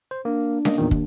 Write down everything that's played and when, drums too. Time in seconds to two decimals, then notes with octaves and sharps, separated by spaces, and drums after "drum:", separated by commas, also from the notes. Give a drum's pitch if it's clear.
0.11 C5
0.25 A#3 D4
0.65 A#3 D#5, drum: snare C#4
0.78 E2 A#2 D#3
0.91 D#2, drum: kick